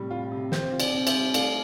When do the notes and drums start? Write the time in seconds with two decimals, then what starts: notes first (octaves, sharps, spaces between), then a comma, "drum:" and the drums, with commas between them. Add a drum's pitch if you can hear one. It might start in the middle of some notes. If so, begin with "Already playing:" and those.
Already playing: A2 C3 G3
0.11 F4
0.32 C3
0.52 C4 C5, drum: snare
0.72 F4
0.80 D5, drum: cymbal
0.93 C4
1.07 C5 E5, drum: cymbal
1.14 G3
1.34 A3 D5 F5, drum: cymbal